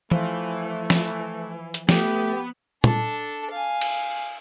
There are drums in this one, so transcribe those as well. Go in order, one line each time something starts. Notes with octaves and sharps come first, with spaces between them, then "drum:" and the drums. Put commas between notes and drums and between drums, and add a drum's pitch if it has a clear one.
E3 F3 A3 C5 F5, drum: tom E3
drum: snare
drum: hi-hat
A3 B3 G4, drum: snare
D4 A4, drum: tom A#2
F5 G#5
drum: cymbal